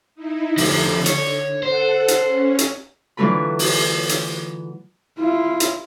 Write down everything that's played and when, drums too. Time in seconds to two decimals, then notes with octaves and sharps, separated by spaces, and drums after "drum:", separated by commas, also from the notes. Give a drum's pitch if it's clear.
0.15 D#4 E4
0.57 D3 F3 A3, drum: open hi-hat
1.06 C#5, drum: hi-hat
1.63 A4 C5 F#5
2.08 drum: hi-hat
2.22 C#4
2.59 drum: hi-hat
3.17 D3 E3 F#3 A3 F4 B5
3.59 drum: open hi-hat
4.09 drum: hi-hat
5.18 E4 F4
5.60 drum: hi-hat